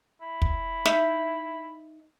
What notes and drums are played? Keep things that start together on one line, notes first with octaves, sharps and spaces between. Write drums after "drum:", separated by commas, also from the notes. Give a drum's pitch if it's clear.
E4
drum: kick
D#4 E5, drum: snare